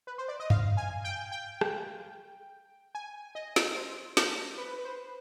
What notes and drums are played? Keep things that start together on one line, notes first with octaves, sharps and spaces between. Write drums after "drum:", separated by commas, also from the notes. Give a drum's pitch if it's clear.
B4
C5
D5
D#5
F5, drum: tom F#2
G#5
G5
G5
drum: rim click
G#5
D#5
drum: snare
C5
drum: snare
B4
B4
C5